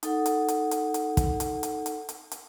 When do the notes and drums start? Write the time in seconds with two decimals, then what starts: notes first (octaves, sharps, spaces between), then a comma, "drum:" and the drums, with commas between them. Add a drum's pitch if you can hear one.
0.03 D#4 A4 F#5, drum: hi-hat
0.26 drum: hi-hat
0.48 drum: hi-hat
0.71 drum: hi-hat
0.94 drum: hi-hat
1.17 drum: kick, hi-hat
1.40 drum: hi-hat
1.63 drum: hi-hat
1.86 drum: hi-hat
2.09 drum: hi-hat
2.31 drum: hi-hat